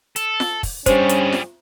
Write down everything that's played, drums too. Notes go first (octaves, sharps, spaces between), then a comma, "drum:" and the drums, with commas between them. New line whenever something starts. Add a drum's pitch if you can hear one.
A4, drum: hi-hat
drum: snare F4
drum: kick, open hi-hat
G2 G3 C#4 G#4 C5, drum: kick, hi-hat
drum: hi-hat
drum: snare F4